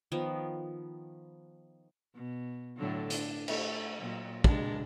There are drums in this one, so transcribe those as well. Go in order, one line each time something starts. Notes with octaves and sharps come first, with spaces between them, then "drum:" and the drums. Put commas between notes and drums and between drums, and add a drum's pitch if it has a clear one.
D#3 F3 B3
B2
A2 D3 F#3
D4, drum: hi-hat
A3, drum: cymbal
A#2 F#3
G#3 D4, drum: kick